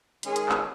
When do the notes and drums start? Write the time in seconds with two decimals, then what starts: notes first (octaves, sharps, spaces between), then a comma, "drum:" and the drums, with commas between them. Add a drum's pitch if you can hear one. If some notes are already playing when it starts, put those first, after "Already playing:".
0.23 D#3 G#3 C#4 G#4, drum: hi-hat
0.36 drum: hi-hat
0.49 drum: clap